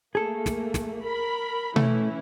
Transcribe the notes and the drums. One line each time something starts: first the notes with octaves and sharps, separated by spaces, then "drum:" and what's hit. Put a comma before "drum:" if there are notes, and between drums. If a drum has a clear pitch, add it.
A3 A#3 G#4 A4
drum: snare
drum: snare
A#4 B5
E3 A3 C#4 E4, drum: tom B2